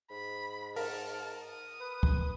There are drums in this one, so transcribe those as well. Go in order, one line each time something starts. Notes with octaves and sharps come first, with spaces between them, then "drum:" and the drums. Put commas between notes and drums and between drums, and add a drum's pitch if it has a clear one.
G#2 B5
A#4 A5, drum: open hi-hat
D#6
B4
drum: kick